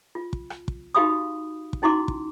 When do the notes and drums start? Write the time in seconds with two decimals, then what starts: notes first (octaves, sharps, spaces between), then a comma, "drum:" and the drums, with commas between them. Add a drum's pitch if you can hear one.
0.15 F4
0.33 drum: kick
0.50 drum: rim click
0.68 drum: kick
0.95 D#4 F#4 G4 F5 B5 D#6
1.73 drum: kick
1.82 C#4 D#4 E4 F#4 C6 D6
2.08 drum: kick